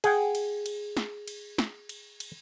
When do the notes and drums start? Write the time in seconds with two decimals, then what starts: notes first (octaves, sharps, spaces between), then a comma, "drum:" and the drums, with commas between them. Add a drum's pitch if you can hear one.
0.04 G#4 F#5 G5, drum: cymbal
0.35 drum: cymbal
0.66 drum: cymbal
0.97 drum: snare
1.27 drum: cymbal
1.58 drum: snare
1.89 drum: cymbal
2.20 drum: cymbal